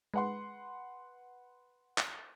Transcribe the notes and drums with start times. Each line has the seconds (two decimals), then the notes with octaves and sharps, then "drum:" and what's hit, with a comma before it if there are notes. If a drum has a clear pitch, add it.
0.14 G#3 B4 F#5 C6
1.98 drum: clap